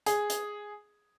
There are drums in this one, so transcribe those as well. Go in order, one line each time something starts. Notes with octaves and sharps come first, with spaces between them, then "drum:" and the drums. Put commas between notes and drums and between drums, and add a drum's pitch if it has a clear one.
G#4, drum: hi-hat
drum: hi-hat